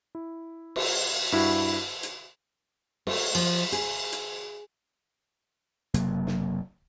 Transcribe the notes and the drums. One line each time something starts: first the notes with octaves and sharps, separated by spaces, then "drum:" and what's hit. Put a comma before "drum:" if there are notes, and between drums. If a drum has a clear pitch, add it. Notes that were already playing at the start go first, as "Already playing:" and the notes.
E4
drum: cymbal
G2 E4 F#4
drum: hi-hat
A3, drum: cymbal
F3, drum: cymbal
G#4, drum: hi-hat
drum: hi-hat
F#1 C3 F#3 A#3, drum: hi-hat
drum: snare